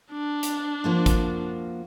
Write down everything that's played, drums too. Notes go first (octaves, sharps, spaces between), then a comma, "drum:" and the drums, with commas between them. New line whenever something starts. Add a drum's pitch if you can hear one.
D4
drum: hi-hat
F3 A#3 F#4
drum: kick G#1, hi-hat